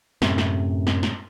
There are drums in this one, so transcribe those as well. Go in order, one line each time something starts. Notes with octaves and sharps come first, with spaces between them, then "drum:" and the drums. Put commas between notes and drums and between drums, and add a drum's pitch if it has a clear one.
F#2 A2 C3, drum: snare
drum: snare
drum: snare
drum: snare